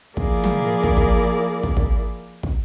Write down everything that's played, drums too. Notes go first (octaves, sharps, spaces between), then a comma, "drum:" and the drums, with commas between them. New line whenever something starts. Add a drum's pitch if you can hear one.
F3 A#3 E4 G#4 A#4 D5, drum: kick
drum: tom
drum: kick
drum: kick
drum: kick
drum: kick
drum: kick